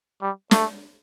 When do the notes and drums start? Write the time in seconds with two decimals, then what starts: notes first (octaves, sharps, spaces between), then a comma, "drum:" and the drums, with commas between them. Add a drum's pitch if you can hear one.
0.22 G3
0.51 A3, drum: snare